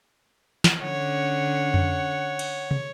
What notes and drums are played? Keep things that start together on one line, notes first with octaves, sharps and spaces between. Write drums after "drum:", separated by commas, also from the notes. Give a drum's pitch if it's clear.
drum: snare
D3 C#4 C#5 F#5
drum: tom F2
drum: cymbal
drum: tom